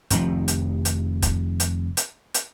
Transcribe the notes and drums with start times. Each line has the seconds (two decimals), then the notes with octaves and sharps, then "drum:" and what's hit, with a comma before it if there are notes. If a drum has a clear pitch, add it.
0.11 F1 D#3 F3, drum: hi-hat
0.48 drum: hi-hat
0.85 drum: hi-hat
1.22 drum: kick, hi-hat
1.60 drum: hi-hat
1.97 drum: hi-hat
2.34 drum: hi-hat